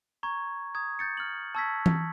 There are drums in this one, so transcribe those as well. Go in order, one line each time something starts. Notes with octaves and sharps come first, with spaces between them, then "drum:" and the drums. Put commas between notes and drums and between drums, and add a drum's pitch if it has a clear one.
A#5 C#6 G#6
A#5 D#6 G#6
G6 A6 C#7
F6 F#7
A5 C#6 E6 G#6 A#6 B6
drum: tom E3